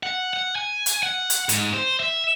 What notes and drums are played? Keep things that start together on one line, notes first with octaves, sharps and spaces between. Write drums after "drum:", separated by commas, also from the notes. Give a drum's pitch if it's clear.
F#5
F#5
G#5
drum: hi-hat
F#5
drum: hi-hat
G#2, drum: hi-hat
C5
E5